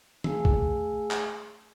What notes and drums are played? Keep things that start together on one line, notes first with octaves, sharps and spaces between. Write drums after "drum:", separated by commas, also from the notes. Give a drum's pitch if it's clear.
A3 G#4 F5 G#5 A5 E6, drum: tom D#3
drum: kick
drum: clap